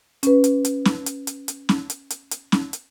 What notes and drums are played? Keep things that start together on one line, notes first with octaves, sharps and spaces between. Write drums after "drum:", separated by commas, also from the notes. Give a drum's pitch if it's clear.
C#4 B4, drum: hi-hat
drum: hi-hat
drum: hi-hat
drum: snare C#4
drum: hi-hat
drum: hi-hat
drum: hi-hat
drum: snare C#4
drum: hi-hat
drum: hi-hat
drum: hi-hat
drum: snare C#4
drum: hi-hat